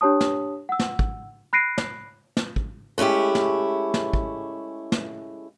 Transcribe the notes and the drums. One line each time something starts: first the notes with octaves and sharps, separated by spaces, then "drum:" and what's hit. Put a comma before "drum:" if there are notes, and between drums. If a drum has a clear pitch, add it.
D4 G4 C#5 A5 D#6
drum: snare
F#5 E6
drum: snare
drum: kick
B5 F#6 A#6 C7 D7 D#7
drum: snare
drum: snare
drum: kick
G#3 A3 C#4 E4 G4
drum: snare
drum: snare
drum: kick
drum: snare